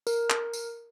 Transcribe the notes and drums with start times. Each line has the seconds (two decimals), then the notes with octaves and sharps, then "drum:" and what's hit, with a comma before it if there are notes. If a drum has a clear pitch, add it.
0.07 A#4, drum: tambourine
0.30 drum: clap
0.53 drum: tambourine